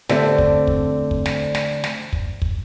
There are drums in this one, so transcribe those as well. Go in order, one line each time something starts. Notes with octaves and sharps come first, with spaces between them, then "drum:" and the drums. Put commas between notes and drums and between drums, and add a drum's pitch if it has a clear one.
D3 A3 C4 D5, drum: snare
drum: kick
drum: kick
drum: kick
drum: snare
drum: snare
drum: snare
drum: kick
drum: kick